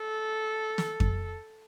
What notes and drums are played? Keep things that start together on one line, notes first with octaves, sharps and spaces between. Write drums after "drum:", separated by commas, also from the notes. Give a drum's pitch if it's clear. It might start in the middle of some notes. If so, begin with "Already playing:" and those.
Already playing: A4
drum: snare
drum: kick F2